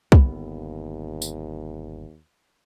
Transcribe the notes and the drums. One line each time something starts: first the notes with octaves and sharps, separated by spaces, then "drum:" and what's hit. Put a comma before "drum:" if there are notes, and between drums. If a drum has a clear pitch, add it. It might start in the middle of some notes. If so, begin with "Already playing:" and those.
G1 D#2 B3, drum: kick
drum: tambourine